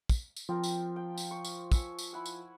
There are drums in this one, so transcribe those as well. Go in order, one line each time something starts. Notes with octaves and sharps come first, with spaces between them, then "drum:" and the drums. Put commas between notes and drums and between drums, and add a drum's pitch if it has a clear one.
drum: kick, tambourine
drum: tambourine
F3 C4 F4 A#4
drum: tambourine
G5
drum: tambourine
C#6
drum: tambourine
G#5 C#6 E6, drum: kick, tambourine
drum: tambourine
E4 F#5 G#5
drum: tambourine